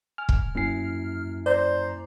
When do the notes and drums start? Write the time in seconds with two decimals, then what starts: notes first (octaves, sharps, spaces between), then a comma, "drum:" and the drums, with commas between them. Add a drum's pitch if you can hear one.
0.18 G#5 F6
0.29 drum: kick
0.55 F#2 A#3 E4 G#5 C7
1.46 C5 D5 A#5